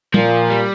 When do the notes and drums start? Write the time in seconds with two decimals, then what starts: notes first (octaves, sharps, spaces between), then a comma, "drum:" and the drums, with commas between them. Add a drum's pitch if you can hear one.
0.14 A#2 F3, drum: tom
0.50 G3